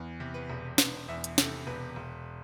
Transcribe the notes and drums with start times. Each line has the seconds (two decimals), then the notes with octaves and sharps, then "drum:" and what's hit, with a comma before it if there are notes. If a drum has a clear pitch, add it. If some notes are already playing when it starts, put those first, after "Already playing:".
Already playing: E2
0.20 C3
0.34 B4
0.50 E1
0.78 E1 B4, drum: snare
1.08 E2 E5
1.24 drum: hi-hat
1.38 C3 A4, drum: snare
1.67 E1 B4
1.96 E1